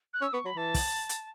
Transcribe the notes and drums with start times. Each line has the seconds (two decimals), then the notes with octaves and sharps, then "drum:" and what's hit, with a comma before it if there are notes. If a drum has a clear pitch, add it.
0.13 F#6
0.22 C#4 E6
0.33 B3 C#6
0.45 F#3 B5
0.56 E3 A5
0.74 drum: kick, open hi-hat
1.09 drum: hi-hat